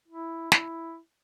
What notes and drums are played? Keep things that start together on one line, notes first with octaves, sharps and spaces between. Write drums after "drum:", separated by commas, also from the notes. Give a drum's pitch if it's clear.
E4
E4, drum: snare